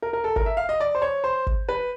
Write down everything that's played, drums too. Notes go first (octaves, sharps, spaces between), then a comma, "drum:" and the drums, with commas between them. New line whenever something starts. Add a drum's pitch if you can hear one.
A#4
A#4
A4
A#4, drum: kick G1
E5
F5
D#5
D5
C5
C#5
C5
drum: kick G1
B4